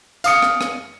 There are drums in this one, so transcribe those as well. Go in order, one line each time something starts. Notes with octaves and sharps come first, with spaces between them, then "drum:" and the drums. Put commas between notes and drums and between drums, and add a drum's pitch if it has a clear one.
F5 D#6 C#7, drum: tambourine
drum: rim click
drum: rim click